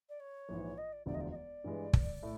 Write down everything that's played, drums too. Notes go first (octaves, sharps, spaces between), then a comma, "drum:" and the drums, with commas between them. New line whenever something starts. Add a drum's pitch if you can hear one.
D5
C#5
A#1 G#2 E3
D#5
D5
E1 D2 D3 F3 D5
D#5
D5
D#5
D5
G2 E3 G#3
drum: kick
A2 A3